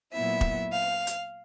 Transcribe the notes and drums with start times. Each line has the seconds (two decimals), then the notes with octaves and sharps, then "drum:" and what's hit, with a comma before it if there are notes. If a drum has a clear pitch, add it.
0.13 A#2 F#3 B3 E4 E5
0.41 drum: kick E1
0.72 F5
1.07 drum: hi-hat